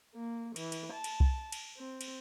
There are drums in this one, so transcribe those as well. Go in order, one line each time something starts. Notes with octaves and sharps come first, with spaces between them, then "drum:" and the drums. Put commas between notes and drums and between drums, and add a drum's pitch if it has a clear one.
A#3
E3, drum: cymbal
drum: cymbal
A5
drum: cymbal
drum: kick C2
drum: cymbal
C4
drum: cymbal